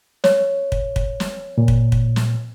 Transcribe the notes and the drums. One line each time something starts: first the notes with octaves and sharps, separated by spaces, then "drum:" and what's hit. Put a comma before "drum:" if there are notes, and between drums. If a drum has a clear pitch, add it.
C#5, drum: snare
drum: kick
drum: kick
drum: snare
A#2
drum: kick
drum: kick
drum: snare